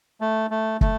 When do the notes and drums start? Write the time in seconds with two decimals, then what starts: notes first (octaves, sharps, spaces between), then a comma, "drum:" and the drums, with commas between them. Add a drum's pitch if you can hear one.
0.21 A3
0.50 A3
0.81 A3, drum: kick